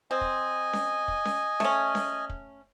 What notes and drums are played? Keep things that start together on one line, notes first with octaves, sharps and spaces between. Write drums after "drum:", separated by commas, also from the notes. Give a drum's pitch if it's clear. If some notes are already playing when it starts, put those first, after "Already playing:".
C4 D#5 G#5
drum: kick
drum: snare C#4
drum: kick
drum: snare C#4
A3 C#4, drum: snare C#4
drum: snare C#4
drum: kick